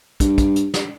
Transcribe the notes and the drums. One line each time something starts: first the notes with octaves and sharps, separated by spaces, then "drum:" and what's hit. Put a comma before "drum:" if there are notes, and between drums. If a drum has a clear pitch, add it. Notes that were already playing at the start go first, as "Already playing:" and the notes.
G2, drum: kick, hi-hat
drum: kick, hi-hat
drum: hi-hat
drum: snare